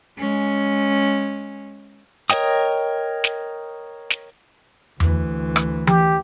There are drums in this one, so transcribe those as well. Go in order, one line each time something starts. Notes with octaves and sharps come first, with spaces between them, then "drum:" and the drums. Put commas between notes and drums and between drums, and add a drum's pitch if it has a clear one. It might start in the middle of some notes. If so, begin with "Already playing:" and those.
G#3 C#4
A#4 C#5 D#5 G5 D#6, drum: snare
drum: snare
drum: snare
D2 E3, drum: tom E2
drum: rim click
G4, drum: tom E3